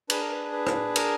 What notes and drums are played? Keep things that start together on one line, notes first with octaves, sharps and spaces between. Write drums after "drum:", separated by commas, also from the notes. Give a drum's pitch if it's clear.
D4 G#4 B4, drum: cymbal
A#4
B4
B4
drum: rim click
A#4, drum: cymbal